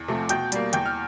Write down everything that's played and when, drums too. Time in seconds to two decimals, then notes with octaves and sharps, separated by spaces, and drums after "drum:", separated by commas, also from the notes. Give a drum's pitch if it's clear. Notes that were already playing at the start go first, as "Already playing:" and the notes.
Already playing: E2
0.08 C3 F3 A3
0.29 B2 G5 G6, drum: hi-hat
0.52 G3 A#3, drum: hi-hat
0.73 E2 G5 G6, drum: hi-hat
0.86 F6